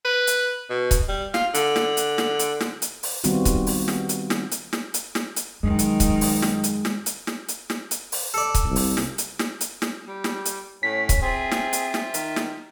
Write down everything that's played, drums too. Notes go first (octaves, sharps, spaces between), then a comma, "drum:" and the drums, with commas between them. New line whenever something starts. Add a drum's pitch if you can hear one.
B4
drum: hi-hat
B2
drum: kick C#1, hi-hat
G3
F4, drum: snare
D3, drum: hi-hat
drum: snare
drum: hi-hat
drum: snare
drum: hi-hat
drum: snare
drum: hi-hat
drum: open hi-hat
D#3 G3 B3 C4 F4 F#4, drum: hi-hat
drum: kick C#1, hi-hat
drum: open hi-hat
drum: snare
drum: hi-hat
drum: snare
drum: hi-hat
drum: snare
drum: hi-hat
drum: snare
drum: hi-hat
F#2 D#3 G#3
drum: hi-hat
drum: kick C#1, hi-hat
drum: open hi-hat
drum: snare
drum: hi-hat
drum: snare
drum: hi-hat
drum: snare
drum: hi-hat
drum: snare
drum: hi-hat
drum: open hi-hat
A4 D5
drum: kick C#1, hi-hat
C2
drum: open hi-hat
drum: snare
drum: hi-hat
drum: snare
drum: hi-hat
drum: snare
G3
drum: snare
drum: hi-hat
A2 C#4 B6
drum: kick C#1, hi-hat
C4 F4 G#4 E5
drum: snare
drum: hi-hat
drum: snare
D#3, drum: hi-hat
drum: snare